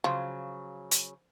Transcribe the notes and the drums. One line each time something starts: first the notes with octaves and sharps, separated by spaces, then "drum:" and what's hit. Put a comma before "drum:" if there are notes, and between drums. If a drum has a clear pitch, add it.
C#3 F3 F#3
drum: hi-hat